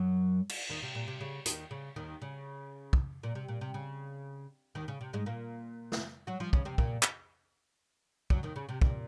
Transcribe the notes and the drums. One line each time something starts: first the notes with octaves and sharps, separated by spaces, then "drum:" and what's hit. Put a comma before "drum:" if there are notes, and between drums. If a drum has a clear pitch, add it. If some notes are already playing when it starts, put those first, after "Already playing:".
Already playing: F#2 F#3
drum: cymbal
D#2 D#3
C3
A#2
C3
C#3
D#2 D#3, drum: hi-hat
C#3
D#2 D#3
C#3
drum: kick
A#2
C3
A#2
C3
C#3
D#2 D#3
C#3
C3
G#2 G#3
A#2 A#3
drum: snare
F#3 F#4
F3 F4
C#3 C#4, drum: kick
C3 C4
A#2 A#3, drum: kick
drum: clap
F#2 F#3, drum: kick
D#2 D#3
C#3
C3
A#2, drum: kick